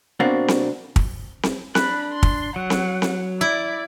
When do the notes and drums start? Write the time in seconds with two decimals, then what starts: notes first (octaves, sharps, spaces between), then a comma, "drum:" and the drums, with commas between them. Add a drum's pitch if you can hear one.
0.20 B2 A#3 C4 D4 F#4
0.48 drum: snare C4
0.96 drum: kick
1.43 drum: snare C4
1.75 D4 B5 F#6, drum: snare C4
2.13 C6
2.23 drum: kick
2.56 F#3 F#5
2.70 drum: snare C4
3.02 drum: snare C4
3.41 E4 D5